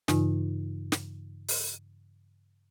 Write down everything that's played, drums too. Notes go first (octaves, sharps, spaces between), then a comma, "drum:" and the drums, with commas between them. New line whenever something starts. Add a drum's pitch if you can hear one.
G2 C#3 E3 D#4 F4, drum: snare
drum: snare
drum: open hi-hat